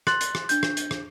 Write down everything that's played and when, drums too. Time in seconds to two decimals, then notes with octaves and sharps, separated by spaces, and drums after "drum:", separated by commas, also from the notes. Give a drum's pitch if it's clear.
0.07 C6 F#6 A6 F#7, drum: rim click
0.21 drum: hi-hat
0.35 drum: rim click
0.49 D4 G6, drum: hi-hat
0.63 drum: rim click
0.77 drum: hi-hat
0.91 drum: rim click